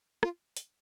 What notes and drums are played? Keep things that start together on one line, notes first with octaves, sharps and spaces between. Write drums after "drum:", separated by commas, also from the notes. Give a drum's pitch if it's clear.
F4, drum: rim click
drum: hi-hat